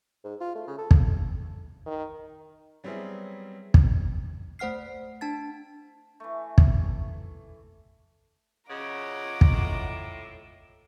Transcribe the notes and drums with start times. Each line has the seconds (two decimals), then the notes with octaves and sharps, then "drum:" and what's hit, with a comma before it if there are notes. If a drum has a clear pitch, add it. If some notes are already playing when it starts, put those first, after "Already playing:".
0.24 G#2
0.41 F4
0.55 A3
0.67 C#3
0.78 A4
0.91 drum: kick
1.86 D#3
2.84 F#3 G3 B3 C4 E4 G#4
3.74 drum: kick
4.59 A3 C5 F#5 F6 C7
5.21 D4 A5 A6
6.20 E3 A3
6.58 drum: kick
8.69 C#3 C#4 F4 D#5 F#5 A#5 D6
9.41 drum: kick
9.52 A2